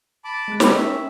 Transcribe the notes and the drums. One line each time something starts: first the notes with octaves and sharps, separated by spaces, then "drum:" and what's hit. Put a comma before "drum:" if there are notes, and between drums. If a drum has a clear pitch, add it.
A5 B5 D6
G#3 G#4 F#6
C#4 A#4 B4 E5 G5, drum: snare